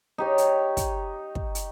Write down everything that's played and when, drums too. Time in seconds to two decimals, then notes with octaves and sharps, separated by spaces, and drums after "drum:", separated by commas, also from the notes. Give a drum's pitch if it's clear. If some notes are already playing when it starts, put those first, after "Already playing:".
0.18 D#4 G4 C#5
0.38 drum: hi-hat
0.77 drum: kick, hi-hat
1.35 drum: kick
1.55 drum: hi-hat